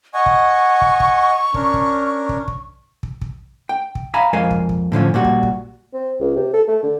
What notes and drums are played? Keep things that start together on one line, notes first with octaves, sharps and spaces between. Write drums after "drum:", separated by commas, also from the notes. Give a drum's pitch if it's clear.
D#5 F#5 G#5 C#6
drum: kick
drum: kick
drum: kick
C#4 D4 A#4, drum: kick
drum: kick
drum: kick
drum: kick
drum: kick
drum: kick
G5
drum: kick
E5 F5 G#5 A#5 B5
F2 G#3 A#4 F5 G#5
drum: kick
drum: kick
A2 D3 F3 C#4
A#2 G3 F#4
drum: kick
drum: kick
C4
C#2
C3
A4
A3
D3